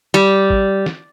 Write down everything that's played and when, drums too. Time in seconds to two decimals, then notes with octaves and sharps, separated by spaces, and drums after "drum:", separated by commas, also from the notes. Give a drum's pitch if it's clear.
0.14 G3
0.50 drum: kick G#1
0.86 drum: snare